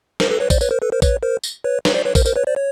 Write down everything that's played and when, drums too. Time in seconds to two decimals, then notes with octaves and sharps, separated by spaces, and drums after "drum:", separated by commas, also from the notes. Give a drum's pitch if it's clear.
0.20 A#4 C5, drum: snare
0.30 A4 B4
0.40 B4 C#5
0.50 C5 D5, drum: kick A#1, tambourine
0.61 B4 C#5, drum: tambourine
0.71 A#4 C5
0.82 A4 B4
0.92 A#4 C5
1.02 B4 C#5, drum: kick A#1, tambourine
1.23 A#4 C5
1.43 drum: tambourine
1.64 B4 C#5
1.85 B4 C#5, drum: snare
1.94 C5 D5
2.05 B4 C#5
2.15 A#4 C5, drum: kick A#1, tambourine
2.26 A#4 C5, drum: tambourine
2.36 B4 C#5
2.47 C5 D5
2.56 C#5